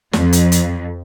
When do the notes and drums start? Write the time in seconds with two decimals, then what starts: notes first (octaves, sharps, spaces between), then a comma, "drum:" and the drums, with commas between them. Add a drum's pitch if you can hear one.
0.13 F2, drum: snare
0.33 drum: hi-hat
0.52 drum: hi-hat